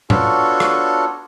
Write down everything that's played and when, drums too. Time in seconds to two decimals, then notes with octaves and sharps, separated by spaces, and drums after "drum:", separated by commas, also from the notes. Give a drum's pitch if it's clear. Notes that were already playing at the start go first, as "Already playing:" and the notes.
0.10 B3 D4 F4 F#4 A4 C#5, drum: tom A2
0.60 drum: rim click